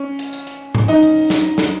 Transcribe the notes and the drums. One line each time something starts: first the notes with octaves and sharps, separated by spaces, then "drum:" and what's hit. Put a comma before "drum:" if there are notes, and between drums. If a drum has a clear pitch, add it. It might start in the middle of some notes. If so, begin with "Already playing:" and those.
Already playing: C#4
drum: hi-hat
drum: hi-hat
drum: hi-hat
drum: tom G#2
D#4 D#5, drum: hi-hat
drum: hi-hat
drum: open hi-hat
drum: snare
drum: hi-hat
drum: snare